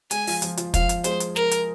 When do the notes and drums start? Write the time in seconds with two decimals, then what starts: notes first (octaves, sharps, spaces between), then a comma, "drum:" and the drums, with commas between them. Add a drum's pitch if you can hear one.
0.11 G#3 G#4 G#5, drum: hi-hat
0.27 F3 F4, drum: open hi-hat
0.42 F3 F4, drum: hi-hat
0.57 F3 F4, drum: hi-hat
0.74 F3 F4 F5, drum: kick, hi-hat
0.89 drum: hi-hat
1.04 G#3 G#4 C5, drum: hi-hat
1.20 drum: hi-hat
1.36 A#4, drum: snare
1.51 drum: hi-hat